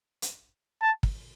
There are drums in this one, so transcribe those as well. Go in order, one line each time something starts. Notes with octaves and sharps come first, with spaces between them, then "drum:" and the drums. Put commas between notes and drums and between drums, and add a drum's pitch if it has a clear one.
drum: hi-hat
A5
drum: kick